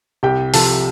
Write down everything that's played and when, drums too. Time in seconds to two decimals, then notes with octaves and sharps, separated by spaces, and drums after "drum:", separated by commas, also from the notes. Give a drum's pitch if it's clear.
0.23 C2 G4 G5
0.54 C3 F3 A4 A5, drum: open hi-hat